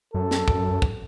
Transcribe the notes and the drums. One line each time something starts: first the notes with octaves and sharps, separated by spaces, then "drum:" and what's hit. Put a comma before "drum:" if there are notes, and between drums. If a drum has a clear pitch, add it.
F#2 A4
drum: snare
F#2, drum: kick
drum: kick